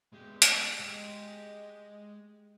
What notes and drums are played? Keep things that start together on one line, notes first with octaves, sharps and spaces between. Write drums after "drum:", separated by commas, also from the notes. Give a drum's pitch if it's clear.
G#3 B3 G4
drum: hi-hat
G#3 D#5